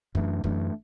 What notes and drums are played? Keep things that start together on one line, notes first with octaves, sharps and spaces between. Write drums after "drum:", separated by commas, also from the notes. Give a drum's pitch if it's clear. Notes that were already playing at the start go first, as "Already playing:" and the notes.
F#2 E3 A3 D4, drum: kick
F#2 E3 A3 D4, drum: kick